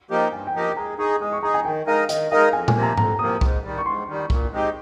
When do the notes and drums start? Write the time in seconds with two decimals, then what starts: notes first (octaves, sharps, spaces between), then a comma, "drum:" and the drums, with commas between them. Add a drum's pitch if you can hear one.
0.10 F3 A#3 D#4 G4
0.32 G2 G#5
0.47 G5
0.55 F3 A#3 D#4 G4
0.62 G5
0.77 G#3 A#5
0.98 D#4 G#4 C#6
1.21 G#3 D#6
1.32 C#6
1.43 D#4 G#4 A#5
1.54 G#5
1.65 D#3 G5
1.87 G#3 D#4 A#4 D#5 F5
2.09 D#3 D#5, drum: hi-hat
2.31 G#3 D#4 A#4 D#5 F5
2.53 F2 G#5
2.68 G#5, drum: tom A#2
2.75 C3 F3 A#3
2.83 A#5
2.97 F2 A#5, drum: tom G#2
3.19 C3 F3 A#3 D#6
3.41 G#2, drum: kick
3.64 D#3 G3
3.78 C#6
3.86 G#2 C6
4.08 D#3 G3
4.30 A#2, drum: kick
4.52 G#3 C4 D#4 G4